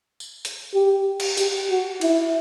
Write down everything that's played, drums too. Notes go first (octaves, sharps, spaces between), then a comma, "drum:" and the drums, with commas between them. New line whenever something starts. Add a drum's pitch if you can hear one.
drum: tambourine
drum: hi-hat
G4
drum: cymbal
G4, drum: hi-hat
F#4
E4, drum: cymbal